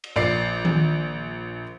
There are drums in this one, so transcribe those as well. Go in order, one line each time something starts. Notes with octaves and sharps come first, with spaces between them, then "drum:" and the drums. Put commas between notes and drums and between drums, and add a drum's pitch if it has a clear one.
drum: cymbal
A#1 D5 C7
drum: tom D#3